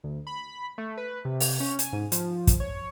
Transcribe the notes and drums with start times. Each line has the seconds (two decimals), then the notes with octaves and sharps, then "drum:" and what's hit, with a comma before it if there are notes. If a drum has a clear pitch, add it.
0.04 D2
0.27 B5
0.78 A3
0.97 B4
1.25 C3
1.40 drum: open hi-hat
1.60 C#4
1.79 G#5, drum: hi-hat
1.93 G#2
2.12 F3, drum: hi-hat
2.47 drum: kick, hi-hat
2.60 C#5